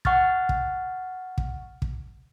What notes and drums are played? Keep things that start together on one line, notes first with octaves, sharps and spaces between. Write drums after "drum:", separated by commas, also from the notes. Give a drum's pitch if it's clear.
F#5 C#6 F6 A6, drum: kick
drum: kick
drum: kick
drum: kick